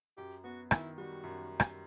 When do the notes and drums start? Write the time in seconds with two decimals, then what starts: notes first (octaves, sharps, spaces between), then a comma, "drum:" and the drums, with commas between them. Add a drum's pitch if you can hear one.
0.17 F#2 G4
0.44 B3 F#4
0.71 D#3 E4, drum: rim click
0.97 G3 F#4
1.24 F#2
1.60 drum: rim click